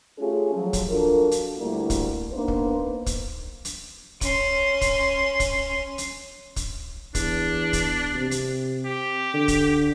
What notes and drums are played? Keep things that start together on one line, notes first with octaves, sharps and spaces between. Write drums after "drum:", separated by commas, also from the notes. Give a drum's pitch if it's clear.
A3 C#4 F4 G4 G#4
F3 F#3
drum: kick, hi-hat
D4 F4 F#4 A4 A#4
drum: hi-hat
D2 G3 A3 A#3 E4
drum: kick, hi-hat
A#3 B3 D4 D#4 B4 C5
drum: kick
drum: kick, hi-hat
drum: hi-hat
C#4 C6, drum: kick, hi-hat
drum: kick, hi-hat
drum: kick, hi-hat
drum: hi-hat
drum: kick, hi-hat
E2 D4, drum: kick, hi-hat
drum: kick, hi-hat
C3
drum: hi-hat
G4
D3
drum: kick, hi-hat